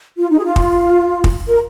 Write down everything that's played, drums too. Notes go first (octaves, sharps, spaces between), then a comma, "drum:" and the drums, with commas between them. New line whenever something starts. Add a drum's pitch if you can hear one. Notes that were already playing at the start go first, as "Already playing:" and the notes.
F4
D#4
G#4
F4
drum: kick
drum: kick
A#4